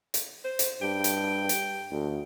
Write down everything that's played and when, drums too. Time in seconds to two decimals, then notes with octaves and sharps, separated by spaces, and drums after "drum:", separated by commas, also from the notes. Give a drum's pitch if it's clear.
0.14 drum: hi-hat
0.44 C5
0.59 drum: hi-hat
0.82 G2 G5
1.04 drum: hi-hat
1.49 drum: hi-hat
1.91 D2